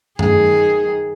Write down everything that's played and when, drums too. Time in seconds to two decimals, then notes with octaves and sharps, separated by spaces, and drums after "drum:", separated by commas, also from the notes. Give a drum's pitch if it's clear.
0.19 D#3 G#4, drum: tom